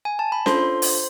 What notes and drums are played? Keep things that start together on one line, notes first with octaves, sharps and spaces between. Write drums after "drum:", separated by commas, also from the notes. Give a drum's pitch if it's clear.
G#5
A5
B5
D4 F4 A4 C5 C6, drum: snare C#4
drum: open hi-hat